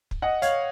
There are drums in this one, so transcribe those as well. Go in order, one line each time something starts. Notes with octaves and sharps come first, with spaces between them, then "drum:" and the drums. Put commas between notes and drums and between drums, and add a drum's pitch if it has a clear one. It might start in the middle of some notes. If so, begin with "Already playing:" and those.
drum: kick
D#5 F#5
C#5 F5, drum: hi-hat